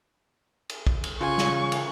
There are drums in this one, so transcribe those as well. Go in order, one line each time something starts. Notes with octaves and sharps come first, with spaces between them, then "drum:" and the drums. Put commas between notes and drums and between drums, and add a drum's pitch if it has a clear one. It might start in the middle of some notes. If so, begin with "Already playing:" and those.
drum: cymbal
drum: kick
drum: cymbal
C#3 F4 G#5 C#6
drum: snare
drum: cymbal